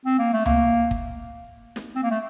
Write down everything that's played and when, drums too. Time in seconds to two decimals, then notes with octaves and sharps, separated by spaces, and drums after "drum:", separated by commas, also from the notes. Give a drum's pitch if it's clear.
0.05 C4
0.19 A#3
0.33 A3
0.46 A#3, drum: tom C#2
0.91 drum: kick
1.76 drum: snare
1.95 C4
2.03 A#3
2.11 A3